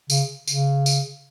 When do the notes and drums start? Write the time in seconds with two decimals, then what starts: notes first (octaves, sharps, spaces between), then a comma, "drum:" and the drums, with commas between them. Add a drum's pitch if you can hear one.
0.10 C#3, drum: tambourine
0.48 C#3, drum: tambourine
0.86 drum: tambourine